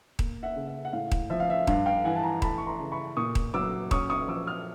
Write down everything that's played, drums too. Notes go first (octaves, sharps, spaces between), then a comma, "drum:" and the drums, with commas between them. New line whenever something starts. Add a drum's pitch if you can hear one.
A#3, drum: kick D#1
E5 F#5
C#3
E5
F#5
A2 F5
drum: kick D#1
F3 E5
F5
E5
G2 F5, drum: kick D#1
F5 G5
E3 F#5 G#5
A5
G#5 A#5
A3 A5 B5, drum: kick D#1
C#6
A#5 C6
C#3
B5 C#6
A#2 C#6 D#6
drum: kick D#1
F#3 D6 E6
C#4 C#6 D#6, drum: kick D#1
C#6 D#6
F3 D6 E6
D#6 F6